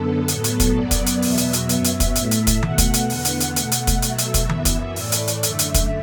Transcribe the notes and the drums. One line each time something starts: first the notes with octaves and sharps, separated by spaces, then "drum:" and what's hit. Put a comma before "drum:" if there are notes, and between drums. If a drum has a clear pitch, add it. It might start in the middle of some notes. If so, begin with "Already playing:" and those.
Already playing: F#2 D3 B3 A4
A2 F#3 B3 A4, drum: hi-hat
drum: hi-hat
drum: kick, hi-hat
F#2 F#3 B3 D5
drum: kick, hi-hat
drum: hi-hat
E2 B2 F#3 B3 E5, drum: open hi-hat
drum: hi-hat
drum: hi-hat
F#2 F#3 B3, drum: hi-hat
drum: hi-hat
drum: kick, hi-hat
A2 A3, drum: hi-hat
drum: hi-hat
drum: kick, hi-hat
B2 A3 F#5, drum: tom D#3
drum: kick, hi-hat
drum: hi-hat
E2 D3 B3, drum: open hi-hat
drum: hi-hat
drum: hi-hat
B2 A3, drum: hi-hat
drum: hi-hat
drum: kick, hi-hat
B2 F#3 A3 E5, drum: hi-hat
drum: hi-hat
drum: kick, hi-hat
F#2 E3 B3, drum: tom D#3
drum: kick, hi-hat
A2 E3 A3 D5, drum: open hi-hat
drum: hi-hat
drum: hi-hat
F#2 D3 A3 E5, drum: hi-hat
drum: hi-hat
drum: kick, hi-hat